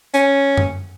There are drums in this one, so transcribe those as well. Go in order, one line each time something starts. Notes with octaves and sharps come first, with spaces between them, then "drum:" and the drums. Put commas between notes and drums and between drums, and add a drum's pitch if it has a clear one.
C#4, drum: hi-hat
drum: tom F#2